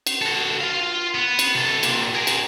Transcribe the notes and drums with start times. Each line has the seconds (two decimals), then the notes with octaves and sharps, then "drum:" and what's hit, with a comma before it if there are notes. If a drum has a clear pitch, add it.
0.07 drum: cymbal
0.22 F#4 A4
0.61 F4 F5
1.15 B3
1.39 drum: cymbal
1.55 C3 A4
1.83 A#2 D3, drum: cymbal
2.15 G#4 A#4
2.27 drum: cymbal